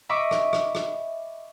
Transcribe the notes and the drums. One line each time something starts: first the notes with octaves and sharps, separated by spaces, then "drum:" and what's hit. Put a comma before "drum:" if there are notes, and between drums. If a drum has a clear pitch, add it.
D#5 E5 B5 C#6 D6
drum: rim click
drum: rim click
drum: rim click